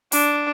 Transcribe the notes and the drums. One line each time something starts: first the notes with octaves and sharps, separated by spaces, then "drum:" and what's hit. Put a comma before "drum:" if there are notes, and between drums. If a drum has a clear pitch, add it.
D4, drum: open hi-hat